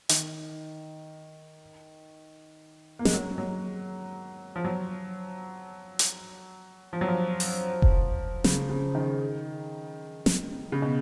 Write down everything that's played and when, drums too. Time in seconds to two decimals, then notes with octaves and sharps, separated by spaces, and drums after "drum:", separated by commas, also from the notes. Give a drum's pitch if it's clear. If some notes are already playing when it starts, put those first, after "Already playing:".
0.09 D#3, drum: hi-hat
2.99 A#3
3.05 G#3, drum: snare
3.13 F#3
3.38 F#3
4.56 F3
4.64 F#3
5.99 drum: hi-hat
6.93 F3
7.01 F#3
7.08 F3
7.40 drum: open hi-hat
7.82 drum: kick F1
8.44 C#3, drum: snare
8.69 C#3
8.95 D#3
10.26 drum: snare
10.72 C#3
10.82 B2